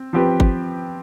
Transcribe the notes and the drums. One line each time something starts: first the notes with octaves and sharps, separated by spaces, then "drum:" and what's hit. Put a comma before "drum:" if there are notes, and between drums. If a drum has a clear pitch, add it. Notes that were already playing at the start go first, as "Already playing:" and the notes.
Already playing: C4
F3 C4 G4 B4
drum: kick G1